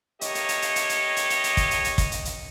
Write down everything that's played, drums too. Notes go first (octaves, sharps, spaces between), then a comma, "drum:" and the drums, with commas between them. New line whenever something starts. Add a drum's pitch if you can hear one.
A3 A#3 G4 C#5 D#5, drum: hi-hat
drum: hi-hat
drum: hi-hat
drum: hi-hat
drum: hi-hat
drum: hi-hat
drum: hi-hat
drum: hi-hat
drum: hi-hat
drum: kick, hi-hat
drum: hi-hat
drum: hi-hat
drum: kick, hi-hat
drum: hi-hat
drum: hi-hat